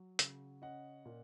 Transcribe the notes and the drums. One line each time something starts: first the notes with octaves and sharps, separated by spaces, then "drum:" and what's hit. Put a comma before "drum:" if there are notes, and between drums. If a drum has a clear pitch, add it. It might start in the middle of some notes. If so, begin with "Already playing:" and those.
Already playing: F#3
C#3, drum: hi-hat
C#4 D#5 F#5
A#2